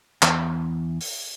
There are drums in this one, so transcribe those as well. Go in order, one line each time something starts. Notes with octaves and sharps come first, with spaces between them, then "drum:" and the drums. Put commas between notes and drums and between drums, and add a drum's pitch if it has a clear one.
E2, drum: clap
drum: open hi-hat